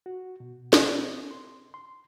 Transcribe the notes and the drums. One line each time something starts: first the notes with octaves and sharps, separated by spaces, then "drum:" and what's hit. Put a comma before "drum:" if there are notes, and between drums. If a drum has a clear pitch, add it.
F#4
B2
drum: snare
C4
C6
C6